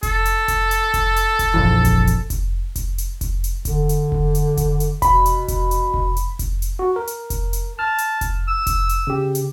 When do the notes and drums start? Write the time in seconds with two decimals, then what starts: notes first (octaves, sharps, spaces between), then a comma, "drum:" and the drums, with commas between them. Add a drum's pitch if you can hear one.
0.03 A4, drum: kick F1, hi-hat
0.25 drum: hi-hat
0.48 drum: kick F1, hi-hat
0.71 drum: hi-hat
0.94 drum: kick F1, hi-hat
1.16 drum: hi-hat
1.39 drum: kick F1, hi-hat
1.54 A#1 F2 E3
1.85 drum: kick F1, hi-hat
2.07 drum: hi-hat
2.30 drum: kick F1, hi-hat
2.76 drum: kick F1, hi-hat
2.98 drum: hi-hat
3.21 drum: kick F1, hi-hat
3.44 drum: hi-hat
3.65 D3, drum: kick F1, hi-hat
3.89 drum: hi-hat
4.12 drum: kick F1
4.35 drum: hi-hat
4.57 drum: kick F1, hi-hat
4.80 drum: hi-hat
5.02 B2 B5, drum: kick F1, hi-hat
5.26 drum: hi-hat
5.48 drum: kick F1, hi-hat
5.71 drum: hi-hat
5.94 drum: kick F1
6.17 drum: hi-hat
6.39 drum: kick F1, hi-hat
6.62 drum: hi-hat
6.79 F#4
6.96 A#4
7.07 drum: hi-hat
7.30 drum: kick F1, hi-hat
7.53 drum: hi-hat
7.79 A5 F6
7.98 drum: hi-hat
8.21 drum: kick F1, hi-hat
8.48 E6
8.67 drum: kick F1, hi-hat
8.89 drum: hi-hat
9.07 C#3 G4
9.35 drum: hi-hat